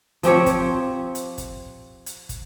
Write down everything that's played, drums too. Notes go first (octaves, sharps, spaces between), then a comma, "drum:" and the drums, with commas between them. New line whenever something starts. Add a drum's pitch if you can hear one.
F3 C4 G4 C#5, drum: hi-hat
drum: kick, hi-hat
drum: hi-hat
drum: kick, hi-hat
drum: hi-hat
drum: kick, hi-hat